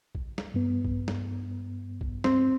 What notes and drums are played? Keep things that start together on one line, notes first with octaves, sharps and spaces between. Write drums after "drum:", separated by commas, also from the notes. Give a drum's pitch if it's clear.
drum: kick
drum: snare
G2 B3
drum: kick
drum: snare
drum: kick
C4, drum: snare